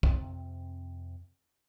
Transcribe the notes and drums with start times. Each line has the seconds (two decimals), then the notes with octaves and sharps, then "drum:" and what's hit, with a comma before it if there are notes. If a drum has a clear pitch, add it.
0.03 F2 C3 C4, drum: kick